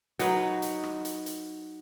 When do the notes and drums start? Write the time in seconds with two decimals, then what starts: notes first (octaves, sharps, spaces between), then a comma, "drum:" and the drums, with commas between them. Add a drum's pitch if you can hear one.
0.19 F#3 D#4 B4, drum: hi-hat
0.62 drum: hi-hat
0.83 drum: rim click
1.05 drum: hi-hat
1.26 drum: hi-hat